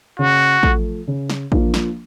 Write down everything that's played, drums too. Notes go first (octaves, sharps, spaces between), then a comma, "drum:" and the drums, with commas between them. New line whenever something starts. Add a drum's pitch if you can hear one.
C#3 F#4
F3 A3, drum: kick
C#3
drum: snare
F3 A#3 D4, drum: kick
drum: snare